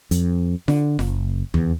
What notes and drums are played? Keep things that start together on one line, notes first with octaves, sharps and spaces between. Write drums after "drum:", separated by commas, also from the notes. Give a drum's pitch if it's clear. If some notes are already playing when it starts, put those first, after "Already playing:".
F2, drum: hi-hat
D3, drum: snare F4
F#1, drum: snare F4
E2, drum: tom D#2